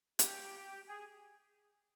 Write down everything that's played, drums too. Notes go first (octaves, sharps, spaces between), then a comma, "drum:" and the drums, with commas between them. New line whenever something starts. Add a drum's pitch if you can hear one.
G4, drum: hi-hat
G#4